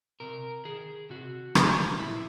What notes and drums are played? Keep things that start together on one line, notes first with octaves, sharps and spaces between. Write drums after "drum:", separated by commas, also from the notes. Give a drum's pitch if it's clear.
C3 A#4
D#3 G#4
C3 F#4
D#3, drum: rim click
A#2 E4